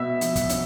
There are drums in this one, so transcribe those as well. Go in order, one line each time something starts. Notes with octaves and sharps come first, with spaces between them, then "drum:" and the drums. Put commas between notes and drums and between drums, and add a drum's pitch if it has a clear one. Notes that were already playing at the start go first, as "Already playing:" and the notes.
Already playing: B2 B3 E5
F3, drum: hi-hat
drum: kick, hi-hat
C#4, drum: hi-hat